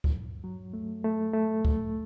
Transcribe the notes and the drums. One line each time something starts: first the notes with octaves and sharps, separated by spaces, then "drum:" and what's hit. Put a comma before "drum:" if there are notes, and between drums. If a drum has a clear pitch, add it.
drum: kick C#2
G2
F#3
A3
A3
A3
drum: kick C#2